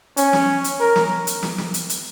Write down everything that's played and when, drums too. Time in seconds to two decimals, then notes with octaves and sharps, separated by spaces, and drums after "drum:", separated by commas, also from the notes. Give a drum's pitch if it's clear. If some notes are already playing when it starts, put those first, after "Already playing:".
0.17 C#4, drum: hi-hat
0.33 drum: snare
0.64 drum: hi-hat
0.81 A#4
0.96 drum: snare
1.27 drum: hi-hat
1.43 drum: snare
1.58 drum: snare
1.74 drum: hi-hat
1.89 drum: hi-hat